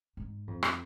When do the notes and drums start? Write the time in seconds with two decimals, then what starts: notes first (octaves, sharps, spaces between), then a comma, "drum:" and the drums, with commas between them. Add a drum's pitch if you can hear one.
0.17 G#2
0.47 F2
0.63 drum: rim click